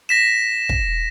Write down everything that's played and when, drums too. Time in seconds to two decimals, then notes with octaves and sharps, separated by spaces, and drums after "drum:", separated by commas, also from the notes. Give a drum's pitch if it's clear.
0.09 A#6 B6 E7
0.69 drum: kick